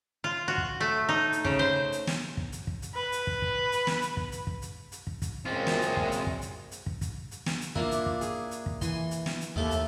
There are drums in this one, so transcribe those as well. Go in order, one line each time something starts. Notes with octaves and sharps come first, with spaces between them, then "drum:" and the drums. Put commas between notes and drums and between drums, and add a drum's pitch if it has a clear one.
F4
F#4
drum: kick
A3
D#4
drum: hi-hat
C#3, drum: kick
C5
drum: hi-hat
drum: snare
drum: kick
drum: hi-hat
drum: kick
drum: hi-hat
B4
drum: hi-hat
drum: kick
drum: kick
drum: hi-hat
drum: snare
drum: hi-hat
drum: kick
drum: hi-hat
drum: kick
drum: hi-hat
drum: hi-hat
drum: kick
drum: kick, hi-hat
F#2 A#2 G#3 C4 F4
drum: snare
drum: hi-hat
drum: kick
drum: hi-hat
drum: kick
drum: hi-hat
drum: hi-hat
drum: kick
drum: kick, hi-hat
drum: hi-hat
drum: snare
drum: hi-hat
A#3 D4 E4 F4, drum: kick
drum: hi-hat
drum: kick
G#4, drum: hi-hat
drum: hi-hat
drum: kick
E3 G#5 C6, drum: kick, hi-hat
drum: hi-hat
drum: snare
drum: hi-hat
D#2 D#3 A3 A4, drum: kick
drum: hi-hat